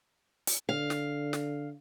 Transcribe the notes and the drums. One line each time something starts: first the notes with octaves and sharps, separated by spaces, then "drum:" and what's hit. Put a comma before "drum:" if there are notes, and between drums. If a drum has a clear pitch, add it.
drum: hi-hat
D3 F5
drum: snare
drum: snare